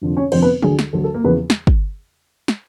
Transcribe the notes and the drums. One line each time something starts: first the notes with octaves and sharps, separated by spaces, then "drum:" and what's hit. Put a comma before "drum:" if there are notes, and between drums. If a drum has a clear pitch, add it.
F1 F2 D3 F3
C#4 C#5
F1 F2 D3 F3 C4 C5, drum: cymbal
B3 B4
D2 D3 F#3 G#4, drum: tom D#3
drum: snare
D2 D3 F#3 A4
A4
A#3 A#4
E2 C#3 F3 B3 B4
drum: snare
drum: kick
drum: snare